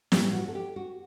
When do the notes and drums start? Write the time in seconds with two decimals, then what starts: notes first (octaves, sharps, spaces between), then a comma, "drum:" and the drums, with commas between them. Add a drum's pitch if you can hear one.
0.12 A2 E3 G3 G4, drum: snare
0.33 F#4
0.48 A4
0.55 G4
0.76 F#4